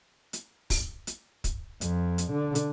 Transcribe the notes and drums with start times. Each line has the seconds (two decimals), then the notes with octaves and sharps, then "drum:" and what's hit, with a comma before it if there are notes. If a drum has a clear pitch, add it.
0.33 drum: hi-hat
0.70 drum: kick, open hi-hat
1.07 drum: hi-hat
1.44 drum: kick, hi-hat
1.81 F2, drum: hi-hat
2.18 drum: hi-hat
2.32 D3
2.55 drum: hi-hat